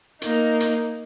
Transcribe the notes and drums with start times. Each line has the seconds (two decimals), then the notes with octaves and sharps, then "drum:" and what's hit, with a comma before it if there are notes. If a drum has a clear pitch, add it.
0.22 A#3 D#4, drum: hi-hat
0.60 drum: hi-hat